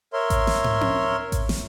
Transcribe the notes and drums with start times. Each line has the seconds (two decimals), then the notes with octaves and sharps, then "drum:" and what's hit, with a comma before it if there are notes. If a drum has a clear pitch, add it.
0.13 A#4 C#5 E5 C6
0.30 drum: kick A1, hi-hat
0.47 drum: snare
0.64 drum: tom
0.81 drum: tom C4
1.32 drum: kick A1, hi-hat
1.49 drum: snare